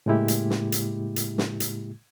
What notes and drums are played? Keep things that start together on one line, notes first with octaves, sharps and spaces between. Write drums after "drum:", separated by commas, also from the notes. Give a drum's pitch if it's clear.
A2 C#3 G#3 A#3 E4 G4
drum: hi-hat
drum: snare
drum: hi-hat
drum: hi-hat
drum: snare
drum: hi-hat